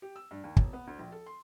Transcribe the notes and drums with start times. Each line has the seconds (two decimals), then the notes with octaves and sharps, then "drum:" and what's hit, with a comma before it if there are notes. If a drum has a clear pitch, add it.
0.02 G4
0.16 E6
0.31 G2
0.43 D#2
0.57 E1, drum: kick
0.73 B3
0.87 D2
0.99 A#1
1.12 A4
1.26 C6